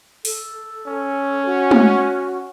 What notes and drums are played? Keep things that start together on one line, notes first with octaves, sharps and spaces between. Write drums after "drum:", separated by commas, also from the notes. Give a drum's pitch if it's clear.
A4, drum: open hi-hat
C#4
F#4
drum: tom G#3